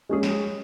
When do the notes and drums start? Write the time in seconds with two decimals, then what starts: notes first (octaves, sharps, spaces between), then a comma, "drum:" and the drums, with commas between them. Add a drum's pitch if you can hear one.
0.09 G#3 C#4 G#4
0.23 drum: snare